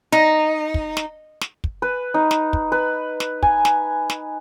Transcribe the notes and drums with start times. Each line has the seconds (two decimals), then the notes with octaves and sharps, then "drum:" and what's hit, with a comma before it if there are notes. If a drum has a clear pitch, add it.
0.12 D#4
0.74 drum: kick
0.97 drum: snare
1.41 drum: snare
1.64 drum: kick
1.82 B4
2.14 D#4
2.31 drum: snare
2.53 drum: kick
2.72 B4
3.20 drum: snare
3.43 G#5, drum: kick
3.65 drum: snare
4.10 drum: snare